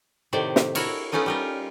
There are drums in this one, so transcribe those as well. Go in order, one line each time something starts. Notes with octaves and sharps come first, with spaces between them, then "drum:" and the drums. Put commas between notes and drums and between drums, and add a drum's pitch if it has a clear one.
A2 C3 D#3 C5 D5
drum: snare
E4 F#4 A4 A#4 C#5, drum: cymbal
A3 B3 C#4 D#4 F4
G3 F4 A#4